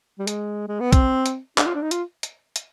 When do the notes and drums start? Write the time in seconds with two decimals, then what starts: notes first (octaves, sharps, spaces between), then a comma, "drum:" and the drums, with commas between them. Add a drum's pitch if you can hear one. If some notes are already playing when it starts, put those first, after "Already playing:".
0.19 G3
0.27 G#3, drum: hi-hat
0.68 G#3
0.80 B3
0.93 C4, drum: kick B1, hi-hat
1.26 drum: hi-hat
1.58 D4, drum: clap
1.66 F4
1.75 D4
1.82 D#4
1.91 F4, drum: hi-hat
2.23 drum: hi-hat
2.56 drum: hi-hat